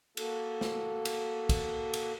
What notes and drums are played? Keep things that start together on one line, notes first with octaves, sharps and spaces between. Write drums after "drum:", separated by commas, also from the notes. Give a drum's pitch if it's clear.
A#3 F#4 A4, drum: cymbal
drum: snare
drum: cymbal
drum: kick, cymbal
drum: cymbal